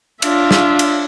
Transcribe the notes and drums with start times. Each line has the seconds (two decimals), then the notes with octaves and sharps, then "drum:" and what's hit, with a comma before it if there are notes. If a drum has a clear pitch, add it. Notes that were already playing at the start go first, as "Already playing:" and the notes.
0.22 D4 F4 E5, drum: cymbal
0.51 drum: snare
0.79 drum: cymbal